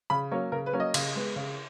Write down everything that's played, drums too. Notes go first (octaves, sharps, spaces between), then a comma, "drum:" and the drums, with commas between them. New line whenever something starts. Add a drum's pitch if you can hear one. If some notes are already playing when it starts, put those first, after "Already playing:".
C#3 B5
F#3 A#3 C#4 C#5
C#3 A#4
B4
F#3 A#3 C#4
D#5
C#3, drum: cymbal
G#3 B3
C#3